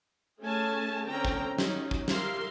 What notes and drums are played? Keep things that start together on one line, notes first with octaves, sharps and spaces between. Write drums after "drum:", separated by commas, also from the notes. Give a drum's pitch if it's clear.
A3 C#4 G#4 G#5 A5
D3 C4 C#4 G5 A#5
drum: kick
F#3 C#4 D#4, drum: snare
drum: kick
G4 A#4 E5 F5 C6, drum: snare